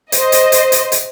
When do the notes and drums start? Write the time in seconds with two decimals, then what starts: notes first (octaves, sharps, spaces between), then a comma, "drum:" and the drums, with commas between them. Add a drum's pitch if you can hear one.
0.12 C5 D#5, drum: hi-hat
0.32 drum: hi-hat
0.52 drum: hi-hat
0.72 drum: hi-hat
0.92 drum: hi-hat